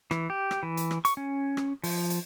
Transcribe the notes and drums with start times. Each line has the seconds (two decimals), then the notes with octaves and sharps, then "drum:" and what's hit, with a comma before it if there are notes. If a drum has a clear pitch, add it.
0.11 E3, drum: rim click
0.30 G4
0.51 drum: rim click
0.63 E3
0.77 drum: hi-hat
0.91 drum: rim click
1.05 C#6, drum: hi-hat
1.17 C#4
1.57 drum: rim click
1.84 F3, drum: open hi-hat
2.10 drum: hi-hat